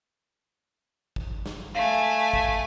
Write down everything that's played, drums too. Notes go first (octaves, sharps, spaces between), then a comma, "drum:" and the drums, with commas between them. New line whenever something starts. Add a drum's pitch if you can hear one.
drum: kick
drum: snare
A3 F5 G#5
drum: kick